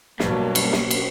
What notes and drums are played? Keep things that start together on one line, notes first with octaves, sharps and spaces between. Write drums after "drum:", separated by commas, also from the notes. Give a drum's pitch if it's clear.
G2 B2 F#3 A#3, drum: snare
drum: cymbal
drum: snare
drum: cymbal